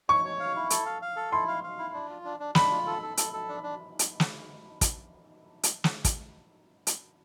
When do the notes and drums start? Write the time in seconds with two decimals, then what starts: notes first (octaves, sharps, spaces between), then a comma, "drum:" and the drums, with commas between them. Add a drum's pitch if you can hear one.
0.09 C#5 C#6
0.25 C#5
0.40 F5
0.56 E4
0.70 A4, drum: hi-hat
0.86 F5
1.02 F5
1.16 A4
1.32 E4 C6
1.48 F5
1.64 F5
1.79 E4
1.94 D4
2.09 F4
2.25 D4
2.40 D4
2.55 D4 B5, drum: snare
2.71 F4
2.87 A4
3.02 A4
3.17 A4, drum: hi-hat
3.33 A4
3.48 D4
3.63 D4
3.99 drum: hi-hat
4.20 drum: snare
4.81 drum: kick, hi-hat
5.63 drum: hi-hat
5.84 drum: snare
6.05 drum: kick, hi-hat
6.87 drum: hi-hat